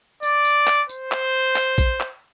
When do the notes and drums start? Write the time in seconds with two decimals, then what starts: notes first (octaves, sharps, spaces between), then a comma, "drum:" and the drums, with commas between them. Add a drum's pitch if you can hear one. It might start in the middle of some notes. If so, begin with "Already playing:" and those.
0.23 D5, drum: tambourine
0.45 drum: tambourine
0.67 drum: clap
0.89 C5, drum: tambourine
1.12 drum: clap
1.56 drum: clap
1.78 drum: kick A#1, tambourine
2.00 drum: clap